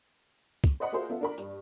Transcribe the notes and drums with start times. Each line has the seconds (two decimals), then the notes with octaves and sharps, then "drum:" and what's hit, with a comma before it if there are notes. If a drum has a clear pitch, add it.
0.64 drum: kick, tambourine
0.80 C5 D5 D#5 F#5 B5
0.92 F4 F#4 G#4 A#4 C5 E5
1.10 B3 F4 A4 E5
1.21 D4 A#4 B5
1.38 G2, drum: tambourine